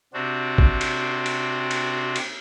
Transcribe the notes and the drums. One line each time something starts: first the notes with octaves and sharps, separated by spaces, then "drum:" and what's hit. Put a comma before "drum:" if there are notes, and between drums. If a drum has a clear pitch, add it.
C3 C4 D4 F#4
drum: kick
drum: cymbal
drum: cymbal
drum: cymbal
drum: cymbal